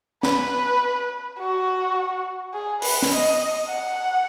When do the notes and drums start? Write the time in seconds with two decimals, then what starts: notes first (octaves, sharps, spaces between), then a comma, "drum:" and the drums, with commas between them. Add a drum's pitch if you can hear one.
0.23 B4, drum: snare
1.39 F#4
2.53 G#4
2.82 B4, drum: open hi-hat
3.02 drum: snare
3.12 D#5
3.69 F#5